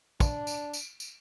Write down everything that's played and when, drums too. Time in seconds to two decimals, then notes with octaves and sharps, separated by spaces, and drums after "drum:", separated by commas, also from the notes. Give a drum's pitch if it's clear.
0.20 D4, drum: kick, tambourine
0.47 drum: tambourine
0.73 drum: tambourine
1.00 drum: tambourine